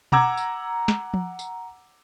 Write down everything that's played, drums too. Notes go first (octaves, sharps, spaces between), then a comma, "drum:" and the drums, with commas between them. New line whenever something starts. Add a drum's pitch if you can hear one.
F#5 A#5 D6 E6 G#6, drum: tom B2
drum: tambourine
drum: snare
drum: tom F3
drum: tambourine